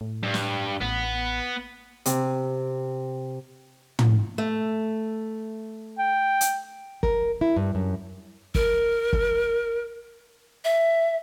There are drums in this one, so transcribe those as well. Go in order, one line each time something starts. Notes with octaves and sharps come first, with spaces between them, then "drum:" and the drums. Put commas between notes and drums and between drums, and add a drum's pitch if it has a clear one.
A2
G2
drum: snare
A1 B3
C3, drum: hi-hat
drum: tom
A3
G5
drum: hi-hat
A#4, drum: kick
E4
G2
F#2
A#4, drum: kick
drum: kick
E5